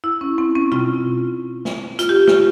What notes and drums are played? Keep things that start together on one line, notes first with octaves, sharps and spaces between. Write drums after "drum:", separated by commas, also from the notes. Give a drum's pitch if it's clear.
E4
C#4
C4
C#4
F4, drum: tom B2
drum: snare
F4, drum: hi-hat
G4
F4, drum: snare